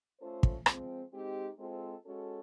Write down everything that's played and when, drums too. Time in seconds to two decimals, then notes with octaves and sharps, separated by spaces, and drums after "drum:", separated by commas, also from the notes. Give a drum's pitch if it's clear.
0.20 A3 C#4 F4 A4 C5
0.43 drum: kick
0.66 F3 G#3 C4, drum: rim click
1.13 G#3 C4 D#4 G4
1.59 G#3 C4 F4 A4 C5
2.05 G#3 C#4 F#4 A4